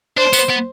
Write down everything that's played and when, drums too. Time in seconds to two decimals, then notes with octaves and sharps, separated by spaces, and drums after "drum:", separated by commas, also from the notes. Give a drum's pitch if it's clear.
0.17 D4 C5
0.33 B3, drum: tambourine
0.50 B3